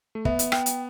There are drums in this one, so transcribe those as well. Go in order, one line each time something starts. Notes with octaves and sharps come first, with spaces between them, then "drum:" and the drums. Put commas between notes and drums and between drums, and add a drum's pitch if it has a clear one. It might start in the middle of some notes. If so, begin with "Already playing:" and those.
A3
B3 E5, drum: kick
drum: hi-hat
G5, drum: rim click
drum: hi-hat